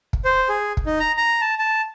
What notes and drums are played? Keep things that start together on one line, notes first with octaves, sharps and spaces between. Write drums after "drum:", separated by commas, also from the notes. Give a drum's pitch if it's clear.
drum: kick
C5
G#4
drum: kick
D#4
A#5
A#5
A5
A5